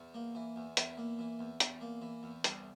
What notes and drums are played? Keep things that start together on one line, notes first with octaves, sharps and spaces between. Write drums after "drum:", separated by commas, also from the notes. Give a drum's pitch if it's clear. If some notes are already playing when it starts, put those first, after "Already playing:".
Already playing: E2
A#3
E3
E2
E2 E4, drum: hi-hat
A#3
E3
E2
E2, drum: hi-hat
A#3
E3
E2
C2, drum: hi-hat